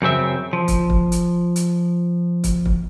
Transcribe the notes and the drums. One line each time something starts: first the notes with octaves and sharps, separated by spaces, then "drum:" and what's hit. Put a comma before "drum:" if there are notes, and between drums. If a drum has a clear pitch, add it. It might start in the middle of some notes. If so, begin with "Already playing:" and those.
F#2 C#3 C4 E5
F3
drum: kick, hi-hat
drum: kick
drum: hi-hat
drum: hi-hat
drum: kick, hi-hat
drum: kick